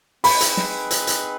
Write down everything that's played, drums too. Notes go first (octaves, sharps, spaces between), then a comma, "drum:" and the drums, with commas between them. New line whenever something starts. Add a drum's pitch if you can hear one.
C4 D#4 G#4 B4 B5, drum: open hi-hat
drum: hi-hat
drum: snare
drum: hi-hat
drum: hi-hat